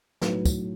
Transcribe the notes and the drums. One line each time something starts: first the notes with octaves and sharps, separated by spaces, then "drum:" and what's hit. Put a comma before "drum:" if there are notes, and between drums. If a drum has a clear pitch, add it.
B1 A2 F#3 B4, drum: snare
drum: kick, tambourine